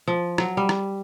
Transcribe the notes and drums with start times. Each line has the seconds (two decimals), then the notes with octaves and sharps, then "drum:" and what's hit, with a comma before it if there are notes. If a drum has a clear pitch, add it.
0.08 F3
0.38 F#3, drum: rim click
0.57 G3
0.69 drum: rim click